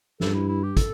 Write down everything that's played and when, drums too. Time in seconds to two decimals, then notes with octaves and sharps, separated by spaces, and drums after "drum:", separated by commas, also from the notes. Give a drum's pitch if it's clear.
0.20 G2 A4, drum: snare
0.34 E4
0.49 E4
0.64 G4
0.77 A4, drum: kick, hi-hat